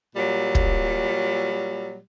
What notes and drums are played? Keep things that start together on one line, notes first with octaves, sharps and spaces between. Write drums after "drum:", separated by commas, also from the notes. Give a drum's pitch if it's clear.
A#2 F#3 G3
drum: kick